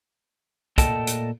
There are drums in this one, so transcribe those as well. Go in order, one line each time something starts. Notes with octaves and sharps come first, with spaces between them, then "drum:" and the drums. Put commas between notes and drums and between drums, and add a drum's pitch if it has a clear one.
A#2 A3 A4 D#5 G5 A5, drum: kick, hi-hat
drum: hi-hat